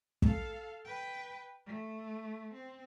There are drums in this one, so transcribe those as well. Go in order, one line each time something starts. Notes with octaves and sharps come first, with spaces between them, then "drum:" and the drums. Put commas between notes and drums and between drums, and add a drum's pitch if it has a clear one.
A4 F5, drum: kick
B4 G5
A3
C4